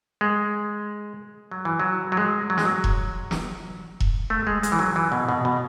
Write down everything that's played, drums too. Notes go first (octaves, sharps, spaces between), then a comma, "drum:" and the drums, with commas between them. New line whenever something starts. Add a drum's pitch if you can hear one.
G#3
F#3
E3
F#3
F#3
G#3
F#3
G#3, drum: snare
F#3
drum: kick E1
drum: snare
drum: kick E1
A3
G#3
G#3, drum: hi-hat
E3
F#3
E3
B2
B2
B2